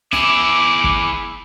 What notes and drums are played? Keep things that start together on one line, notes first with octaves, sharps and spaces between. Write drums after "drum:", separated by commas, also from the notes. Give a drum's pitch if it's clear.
E4 G#4 D6, drum: snare
drum: kick